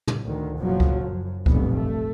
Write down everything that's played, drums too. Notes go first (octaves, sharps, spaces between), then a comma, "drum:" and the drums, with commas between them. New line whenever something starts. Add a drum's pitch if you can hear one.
drum: tom
D2 D#3
F#1 B2 F3 F#3
drum: kick C#2
F#2
F1 B1 G2 A#2 B3, drum: kick C#2
A3